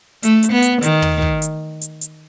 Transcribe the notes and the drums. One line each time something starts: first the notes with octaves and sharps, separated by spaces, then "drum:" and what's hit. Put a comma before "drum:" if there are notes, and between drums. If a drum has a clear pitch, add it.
A3, drum: hi-hat
drum: hi-hat
B3
drum: hi-hat
D#3, drum: hi-hat
drum: tom
drum: kick
drum: hi-hat
drum: hi-hat
drum: hi-hat